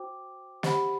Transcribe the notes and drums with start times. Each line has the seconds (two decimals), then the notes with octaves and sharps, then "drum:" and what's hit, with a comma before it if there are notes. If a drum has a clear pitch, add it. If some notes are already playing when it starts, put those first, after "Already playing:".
Already playing: F#4 C5 G5 D6
0.63 G4 C5 F#5 B5, drum: snare